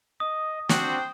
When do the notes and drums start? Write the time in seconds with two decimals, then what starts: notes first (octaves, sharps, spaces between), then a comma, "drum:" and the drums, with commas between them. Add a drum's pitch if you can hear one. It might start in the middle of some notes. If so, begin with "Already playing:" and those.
0.20 D#5 D#6
0.69 C4 D4 F#4 C5 G5, drum: snare